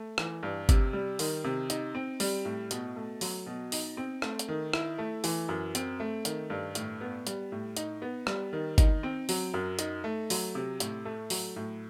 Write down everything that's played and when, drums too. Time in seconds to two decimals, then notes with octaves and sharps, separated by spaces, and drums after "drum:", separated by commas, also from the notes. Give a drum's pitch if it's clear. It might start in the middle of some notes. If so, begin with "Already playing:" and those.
Already playing: A3
0.18 E3, drum: rim click
0.43 G2
0.69 C3, drum: kick, hi-hat
0.93 G3
1.19 D#3, drum: open hi-hat
1.44 C3
1.70 D#4, drum: hi-hat
1.95 C4
2.20 G3, drum: open hi-hat
2.45 A2
2.71 B2, drum: hi-hat
2.96 A3
3.21 F#3, drum: open hi-hat
3.46 B2
3.72 D#4, drum: open hi-hat
3.97 C4
4.22 A3, drum: rim click
4.39 drum: hi-hat
4.48 D#3
4.74 E4, drum: rim click
4.98 A3
5.24 E3, drum: open hi-hat
5.49 F#2
5.75 C4, drum: hi-hat
6.00 A3
6.25 D#3, drum: hi-hat
6.50 G2
6.75 A2, drum: hi-hat
7.01 B3
7.27 G3, drum: hi-hat
7.52 A2
7.77 D#4, drum: hi-hat
8.02 B3
8.27 G3, drum: rim click
8.53 D#3
8.78 D#4, drum: kick, hi-hat
9.03 C4
9.29 F#3, drum: open hi-hat
9.54 F#2
9.79 D#4, drum: hi-hat
10.04 A3
10.30 F#3, drum: open hi-hat
10.55 C3
10.80 A2, drum: hi-hat
11.05 A3
11.30 F#3, drum: open hi-hat
11.56 A2